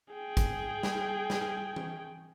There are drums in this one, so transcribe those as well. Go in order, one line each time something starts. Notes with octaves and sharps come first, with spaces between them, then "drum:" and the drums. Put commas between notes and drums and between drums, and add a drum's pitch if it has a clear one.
G#4 G5
drum: kick, hi-hat
drum: snare
drum: snare
drum: tom E3